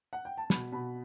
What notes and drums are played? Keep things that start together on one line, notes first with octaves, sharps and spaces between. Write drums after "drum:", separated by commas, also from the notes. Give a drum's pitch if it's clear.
F#5
G5
A5
B2 B5, drum: snare
B2 B5